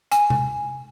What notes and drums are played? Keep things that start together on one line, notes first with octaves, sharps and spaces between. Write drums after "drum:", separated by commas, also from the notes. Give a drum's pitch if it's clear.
G#5, drum: hi-hat
drum: tom C3